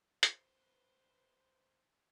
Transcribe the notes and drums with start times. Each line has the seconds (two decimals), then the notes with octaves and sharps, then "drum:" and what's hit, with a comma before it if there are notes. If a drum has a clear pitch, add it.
0.23 B4 C5, drum: hi-hat